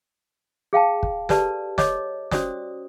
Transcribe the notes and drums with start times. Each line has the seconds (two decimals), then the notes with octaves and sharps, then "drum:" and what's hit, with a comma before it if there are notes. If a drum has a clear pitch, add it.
0.73 G#4 F5 G5 A5
1.03 drum: kick
1.29 G4 A4 B4 D5 A5, drum: snare
1.78 C#5 D#5 D6, drum: snare
2.32 C#4 F#4 C5 D5 D#6, drum: snare